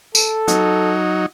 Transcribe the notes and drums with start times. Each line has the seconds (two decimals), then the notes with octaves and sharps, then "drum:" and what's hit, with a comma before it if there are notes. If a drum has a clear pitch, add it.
0.15 A4, drum: tambourine
0.48 F#3 D#4, drum: hi-hat